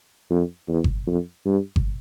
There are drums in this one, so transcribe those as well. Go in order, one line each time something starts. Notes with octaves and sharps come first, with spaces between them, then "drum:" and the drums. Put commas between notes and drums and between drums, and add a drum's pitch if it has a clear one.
F2
E2
drum: kick G1
F2
G2
drum: kick G1